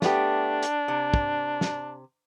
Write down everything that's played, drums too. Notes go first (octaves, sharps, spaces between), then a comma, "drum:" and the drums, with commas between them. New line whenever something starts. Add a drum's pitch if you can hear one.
A3 B3 D4 G4, drum: snare
drum: hi-hat
C3
drum: kick
drum: snare